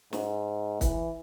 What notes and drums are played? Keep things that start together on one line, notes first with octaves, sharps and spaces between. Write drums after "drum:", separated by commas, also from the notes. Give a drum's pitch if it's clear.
G#2, drum: snare
E3, drum: kick, hi-hat